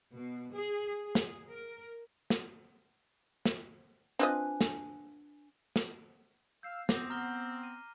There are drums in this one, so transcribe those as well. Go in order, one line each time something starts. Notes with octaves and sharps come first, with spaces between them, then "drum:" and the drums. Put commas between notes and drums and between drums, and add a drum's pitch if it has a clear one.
B2
G#4
G#4
drum: snare
A#4
drum: snare
drum: snare
C4 D4 F4 B4 D#5 G#5
drum: snare
drum: snare
F5 E6 G6 C7
B3 C4 D6 A#6 F7, drum: snare
A#5 F6 G7
D#7